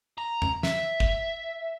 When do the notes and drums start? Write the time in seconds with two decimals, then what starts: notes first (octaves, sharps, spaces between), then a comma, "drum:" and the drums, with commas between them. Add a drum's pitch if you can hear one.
0.18 A#5
0.42 drum: tom E2
0.63 E5, drum: snare
1.00 drum: kick